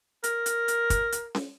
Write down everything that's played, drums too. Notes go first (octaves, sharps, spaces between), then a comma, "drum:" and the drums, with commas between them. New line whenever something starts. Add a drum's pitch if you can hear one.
A#4, drum: hi-hat
drum: hi-hat
drum: hi-hat
drum: kick, hi-hat
drum: hi-hat
drum: snare C#4